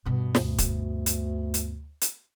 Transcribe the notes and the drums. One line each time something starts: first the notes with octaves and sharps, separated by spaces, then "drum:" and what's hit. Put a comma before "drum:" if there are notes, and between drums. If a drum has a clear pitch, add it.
G2 B2
D2, drum: snare
drum: kick, hi-hat
drum: hi-hat
drum: hi-hat
drum: hi-hat